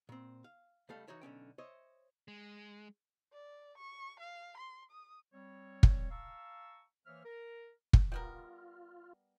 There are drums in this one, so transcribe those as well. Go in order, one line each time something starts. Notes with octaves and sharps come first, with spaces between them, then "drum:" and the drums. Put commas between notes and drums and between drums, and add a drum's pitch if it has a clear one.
A#2 C4
F5
C#2 G3 A3 A4 F5
E3 D#4 F#4 C#5 E5
B1 D3 C#4 G5
C5 C#5 D#5 E5
G#3
D5
C#6
F5
C6
D#6
G3 C4 C#5
drum: kick
F5 A5 A#5 C#6 E6
E3 A#3 C5 C#5 E5 F6
A#4
drum: kick
G3 B3 F4 A#4